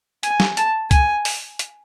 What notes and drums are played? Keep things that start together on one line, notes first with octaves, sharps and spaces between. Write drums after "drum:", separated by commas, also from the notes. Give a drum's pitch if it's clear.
G#5, drum: hi-hat
drum: snare
A5, drum: hi-hat
G#5, drum: kick C#2, hi-hat
drum: open hi-hat
drum: hi-hat